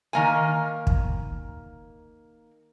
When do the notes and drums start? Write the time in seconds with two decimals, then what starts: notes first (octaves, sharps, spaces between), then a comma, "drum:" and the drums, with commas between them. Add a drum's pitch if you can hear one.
0.13 D#3 A#3 G#5
0.87 drum: kick